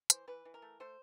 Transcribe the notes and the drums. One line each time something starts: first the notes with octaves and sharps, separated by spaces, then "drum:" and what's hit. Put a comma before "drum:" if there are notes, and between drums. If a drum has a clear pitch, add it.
E3 C5, drum: hi-hat
E3 B4
E3
A#4
A3
A3 C5